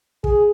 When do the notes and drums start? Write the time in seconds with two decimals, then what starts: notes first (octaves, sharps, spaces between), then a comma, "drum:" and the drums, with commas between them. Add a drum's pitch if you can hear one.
0.24 G#4, drum: kick